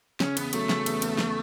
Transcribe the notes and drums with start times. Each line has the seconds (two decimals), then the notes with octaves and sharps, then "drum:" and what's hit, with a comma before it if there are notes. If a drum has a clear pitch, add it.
0.20 C#3 C#4, drum: snare
0.37 E2 B3, drum: cymbal
0.53 F#3 A3, drum: cymbal
0.69 C#3, drum: snare
0.86 E2, drum: cymbal
1.02 E2, drum: cymbal
1.19 drum: snare